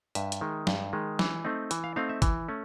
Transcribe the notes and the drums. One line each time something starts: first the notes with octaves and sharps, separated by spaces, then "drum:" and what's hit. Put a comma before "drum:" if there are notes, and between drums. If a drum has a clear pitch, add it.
G2 E5, drum: hi-hat
drum: hi-hat
D#3 G#3
G2, drum: snare
D#3 G#3
E3, drum: snare
A3 C4 D#4
E3, drum: hi-hat
F5
A3 C4 D#4 F5
E5
E3, drum: kick, hi-hat
A3 C#4